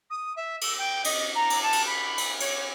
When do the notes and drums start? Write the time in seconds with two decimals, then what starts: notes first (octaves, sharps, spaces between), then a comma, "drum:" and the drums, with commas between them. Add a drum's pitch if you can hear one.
0.10 D#6
0.36 E5
0.61 E6, drum: cymbal
0.78 G5
1.04 D#5, drum: cymbal
1.35 A#5
1.50 drum: cymbal
1.62 A5
1.72 drum: cymbal
1.86 B5
2.18 drum: cymbal
2.40 C#5, drum: cymbal